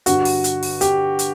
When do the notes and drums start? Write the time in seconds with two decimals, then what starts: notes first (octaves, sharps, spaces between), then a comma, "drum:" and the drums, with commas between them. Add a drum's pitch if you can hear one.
0.06 G2 D3 F#4, drum: hi-hat
0.25 drum: open hi-hat
0.44 drum: hi-hat
0.63 drum: open hi-hat
0.81 G4, drum: hi-hat
1.19 drum: hi-hat